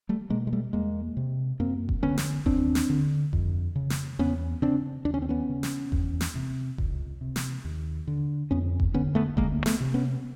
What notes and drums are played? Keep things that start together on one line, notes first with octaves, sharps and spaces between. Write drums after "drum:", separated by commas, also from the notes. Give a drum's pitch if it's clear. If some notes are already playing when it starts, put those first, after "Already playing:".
G3 A3
B2 G#3 A#3
G#3
G3 A3
E2 G#3 A#3
C3
F#2 A#3 C4
drum: kick F1
D3 B3 C#4
drum: snare
D#2 C4 D4, drum: kick F1
drum: snare
D3
F2, drum: kick F1
C#3
drum: snare
E2 B3 C#4
C#3 C4 D4
D#2 D4
C#4
C4
B3 C#4
C#3
drum: snare
E2, drum: kick F1
drum: snare
C3
C#2, drum: kick F1
C3
drum: snare
D#2
D3
F2 B3 C#4
drum: kick F1
D3 B3 C#4
A3 B3
D2 G#3 A#3, drum: kick F1
A3 B3, drum: snare
C3
B3 C#4